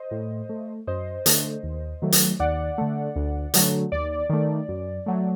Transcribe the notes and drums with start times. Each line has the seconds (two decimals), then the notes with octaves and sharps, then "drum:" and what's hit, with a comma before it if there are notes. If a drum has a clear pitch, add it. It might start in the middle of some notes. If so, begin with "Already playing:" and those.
Already playing: C5 D#5
0.11 A2
0.49 A3
0.87 F#2 C5 D#5
1.26 D3 A3, drum: hi-hat
1.63 D#2
2.02 D#3 F#3 A3
2.12 drum: hi-hat
2.40 D#2 D5 F#5
2.78 D3 A3
3.16 D2
3.54 D3 F#3 A3, drum: hi-hat
3.92 D#2 D5
4.29 D#3 A3
4.69 F#2
5.06 F#3 A3